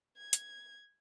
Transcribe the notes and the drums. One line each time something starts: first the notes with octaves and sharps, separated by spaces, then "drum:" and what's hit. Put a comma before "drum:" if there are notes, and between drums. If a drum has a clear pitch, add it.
G#6
drum: hi-hat